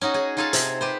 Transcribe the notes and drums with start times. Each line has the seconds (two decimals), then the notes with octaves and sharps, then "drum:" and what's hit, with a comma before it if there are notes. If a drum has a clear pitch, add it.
0.01 C#4 D#4 F#4 G#4
0.14 G#4
0.37 D#4 F4 G#4 A4 F5 A5
0.53 C3, drum: hi-hat
0.81 G4 B4 C5